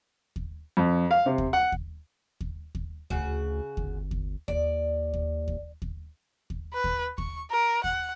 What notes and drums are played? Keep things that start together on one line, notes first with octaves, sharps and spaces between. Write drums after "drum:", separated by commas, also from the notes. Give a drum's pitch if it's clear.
drum: kick D#2
F2
F5
C3
drum: kick D#2
F#5
drum: kick D#2
drum: kick D#2
drum: kick D#2
D2 C#3 F#4, drum: kick D#2
G1, drum: kick D#2
drum: kick D#2
D#2 D5, drum: kick D#2
drum: kick D#2
drum: kick D#2
drum: kick D#2
drum: kick D#2
B4
drum: kick D#2
C#6, drum: kick D#2
A#4
F#5, drum: kick D#2